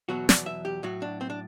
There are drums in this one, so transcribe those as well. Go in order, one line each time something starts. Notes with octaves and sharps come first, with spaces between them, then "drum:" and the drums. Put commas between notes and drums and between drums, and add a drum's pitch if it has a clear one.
E2 B2 F#3 F#4
D5, drum: snare
E5
G4
A2 F#3 F#4
D4
C4
D4